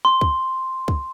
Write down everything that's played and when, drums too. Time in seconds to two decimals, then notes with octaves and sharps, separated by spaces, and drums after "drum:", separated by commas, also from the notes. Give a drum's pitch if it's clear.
0.05 C6
0.21 drum: kick
0.88 drum: kick